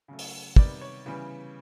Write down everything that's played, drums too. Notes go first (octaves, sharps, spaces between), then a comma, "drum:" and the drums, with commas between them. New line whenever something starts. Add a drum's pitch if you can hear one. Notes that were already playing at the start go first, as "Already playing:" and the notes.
C#3 F#3 A3
drum: open hi-hat
C3 D#3 G3 B3 D5, drum: kick
C#5
C#3 E3 G3 B3